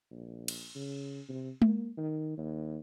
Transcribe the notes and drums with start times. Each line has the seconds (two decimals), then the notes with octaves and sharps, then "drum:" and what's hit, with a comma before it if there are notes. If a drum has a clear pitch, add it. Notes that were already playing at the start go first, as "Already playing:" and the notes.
0.11 A#1
0.48 drum: cymbal
0.75 C#3
1.29 C3
1.62 A#3, drum: tom G#3
1.97 D#3
2.37 D#2